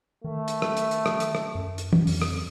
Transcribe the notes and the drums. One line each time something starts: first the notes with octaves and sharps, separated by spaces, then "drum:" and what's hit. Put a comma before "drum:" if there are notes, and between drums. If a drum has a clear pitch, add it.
D#3 A3
drum: hi-hat
drum: rim click
drum: hi-hat
drum: hi-hat
drum: rim click
drum: hi-hat
drum: rim click
F#2
drum: hi-hat
drum: tom
F2, drum: open hi-hat
drum: rim click